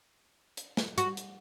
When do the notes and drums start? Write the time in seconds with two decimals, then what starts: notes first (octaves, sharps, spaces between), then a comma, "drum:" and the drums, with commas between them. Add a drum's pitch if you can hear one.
0.57 drum: hi-hat
0.77 drum: snare
0.98 F#4, drum: hi-hat
1.17 drum: hi-hat